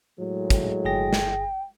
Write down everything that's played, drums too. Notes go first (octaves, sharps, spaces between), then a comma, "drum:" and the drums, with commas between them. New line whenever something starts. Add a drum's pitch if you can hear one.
A2 F#3 G#3
drum: kick, hi-hat
G1 G#4 G5 A#6
drum: snare